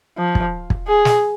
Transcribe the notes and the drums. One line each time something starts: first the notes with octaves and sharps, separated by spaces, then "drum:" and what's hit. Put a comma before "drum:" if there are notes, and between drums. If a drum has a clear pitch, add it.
F3
drum: kick
drum: kick
G#4
drum: snare